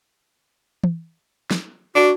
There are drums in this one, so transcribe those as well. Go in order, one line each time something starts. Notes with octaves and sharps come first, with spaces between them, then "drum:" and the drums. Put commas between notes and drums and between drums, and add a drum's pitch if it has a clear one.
drum: tom
drum: snare
D4 F#4